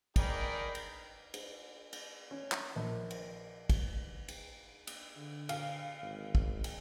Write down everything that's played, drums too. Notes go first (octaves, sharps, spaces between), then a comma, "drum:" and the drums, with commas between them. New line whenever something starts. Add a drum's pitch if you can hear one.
D#4 G#4 A#4 D5 G5 B5, drum: kick, cymbal
drum: cymbal
drum: cymbal
drum: cymbal
C#4
drum: clap
A#1
drum: cymbal
drum: kick, cymbal
drum: cymbal
drum: cymbal
D3
F5, drum: cymbal
G#1
drum: kick
drum: cymbal